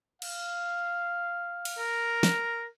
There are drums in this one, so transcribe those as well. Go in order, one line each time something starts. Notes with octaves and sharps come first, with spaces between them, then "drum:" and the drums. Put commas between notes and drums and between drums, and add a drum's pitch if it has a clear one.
F5, drum: cymbal
drum: cymbal
A#4
drum: snare